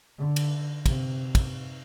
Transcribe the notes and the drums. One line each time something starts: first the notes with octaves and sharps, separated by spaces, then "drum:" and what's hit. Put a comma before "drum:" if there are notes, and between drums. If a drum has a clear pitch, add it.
D3
drum: cymbal
C3, drum: kick, cymbal
drum: kick, cymbal